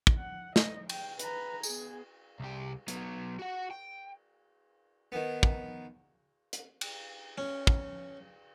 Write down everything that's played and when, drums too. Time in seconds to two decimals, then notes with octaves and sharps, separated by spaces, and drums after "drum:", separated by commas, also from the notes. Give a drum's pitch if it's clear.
0.07 drum: kick
0.18 F#5
0.56 D#5, drum: snare
0.89 G5, drum: cymbal
1.19 B4 A#5, drum: hi-hat
1.63 B3 G#4, drum: tambourine
2.40 C2 G4
2.88 F#3 B3, drum: hi-hat
3.39 F#4 F#5
3.71 G5
5.12 D#3 B3
5.43 drum: kick
6.53 drum: hi-hat
6.81 drum: cymbal
7.38 C#4
7.67 drum: kick